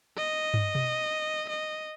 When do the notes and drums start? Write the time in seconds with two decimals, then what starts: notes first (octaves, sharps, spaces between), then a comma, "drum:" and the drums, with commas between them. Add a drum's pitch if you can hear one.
0.17 D#5
0.54 drum: tom
0.75 drum: tom B2
1.50 D#5